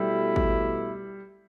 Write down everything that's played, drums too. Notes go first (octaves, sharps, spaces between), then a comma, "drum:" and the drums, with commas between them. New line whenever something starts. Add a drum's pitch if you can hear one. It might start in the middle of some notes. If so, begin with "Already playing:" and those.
Already playing: B2 G3 A3 E4
drum: kick G#1